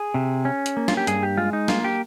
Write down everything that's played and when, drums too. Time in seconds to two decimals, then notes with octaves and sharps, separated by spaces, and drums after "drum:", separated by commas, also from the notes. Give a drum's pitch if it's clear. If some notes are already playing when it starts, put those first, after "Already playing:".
Already playing: G#4
0.14 C3
0.45 C#4
0.66 drum: hi-hat
0.77 A#3
0.88 F4, drum: snare
0.97 G4
1.07 G2 G#4, drum: hi-hat
1.23 G4
1.37 G#3 F4
1.53 D#4
1.68 A#3 F4, drum: snare
1.84 G4